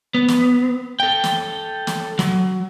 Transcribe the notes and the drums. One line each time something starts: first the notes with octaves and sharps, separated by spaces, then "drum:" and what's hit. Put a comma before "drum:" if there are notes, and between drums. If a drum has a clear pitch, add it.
B3
drum: snare
A4 G5
drum: snare
drum: snare
F#3, drum: snare